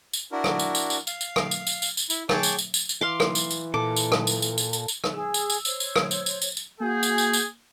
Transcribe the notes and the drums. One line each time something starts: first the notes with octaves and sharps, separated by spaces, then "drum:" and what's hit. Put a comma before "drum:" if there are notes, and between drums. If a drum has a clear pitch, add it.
drum: tambourine
D4 E4 F#4 A#4
drum: rim click
drum: tambourine
drum: tambourine
drum: tambourine
F5, drum: tambourine
drum: tambourine
drum: rim click
drum: tambourine
drum: tambourine
drum: tambourine
drum: tambourine
E4, drum: tambourine
G#4 C#5 G5 A5 D6, drum: rim click
drum: tambourine
drum: tambourine
drum: tambourine
drum: tambourine
E3 F5 C6 D6
drum: rim click
drum: tambourine
drum: tambourine
A#2 A4 D6
drum: tambourine
drum: rim click
drum: tambourine
drum: tambourine
drum: tambourine
drum: tambourine
drum: tambourine
drum: rim click
G#4 E6
drum: tambourine
drum: tambourine
C5 C#5, drum: tambourine
drum: tambourine
drum: rim click
drum: tambourine
drum: tambourine
drum: tambourine
drum: tambourine
A#3 F#4 G#4 G#5 G6
drum: tambourine
drum: tambourine
drum: tambourine